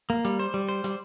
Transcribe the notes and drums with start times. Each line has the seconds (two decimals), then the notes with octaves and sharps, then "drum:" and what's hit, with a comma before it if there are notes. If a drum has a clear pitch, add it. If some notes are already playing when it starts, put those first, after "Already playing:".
0.10 A#3
0.25 G3, drum: hi-hat
0.39 C5
0.54 G3
0.69 C5
0.84 G3, drum: hi-hat